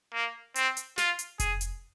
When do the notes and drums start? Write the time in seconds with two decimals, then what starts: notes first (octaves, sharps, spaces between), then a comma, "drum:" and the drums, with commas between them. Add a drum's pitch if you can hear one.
0.13 A#3
0.56 C4, drum: hi-hat
0.77 drum: hi-hat
0.98 F4, drum: snare
1.19 drum: hi-hat
1.40 G#4, drum: kick F1, hi-hat
1.61 drum: hi-hat